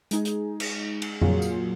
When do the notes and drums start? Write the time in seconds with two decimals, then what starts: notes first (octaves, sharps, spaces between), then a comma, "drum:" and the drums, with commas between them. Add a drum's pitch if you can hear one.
0.11 G#3 D#4 G#4, drum: hi-hat
0.25 drum: hi-hat
0.60 drum: cymbal
1.02 drum: cymbal
1.21 A#2 F#3 A#3 F4 G#4, drum: tom F2
1.42 drum: tambourine